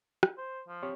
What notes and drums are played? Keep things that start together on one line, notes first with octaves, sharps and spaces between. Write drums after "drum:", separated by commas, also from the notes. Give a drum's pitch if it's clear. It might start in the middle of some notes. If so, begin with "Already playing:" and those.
drum: rim click
C5
F3
C4 G4 C#5